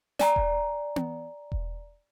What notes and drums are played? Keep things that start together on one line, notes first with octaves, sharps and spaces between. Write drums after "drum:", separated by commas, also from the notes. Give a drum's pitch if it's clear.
D5 G#5 A#5, drum: snare
drum: kick E1
drum: tom B3
drum: kick E1